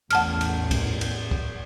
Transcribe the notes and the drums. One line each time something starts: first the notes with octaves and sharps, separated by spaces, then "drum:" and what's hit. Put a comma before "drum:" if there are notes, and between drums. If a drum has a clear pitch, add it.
A1 E2 F#5 A5 F6, drum: cymbal
drum: cymbal
drum: kick, cymbal
drum: cymbal
drum: kick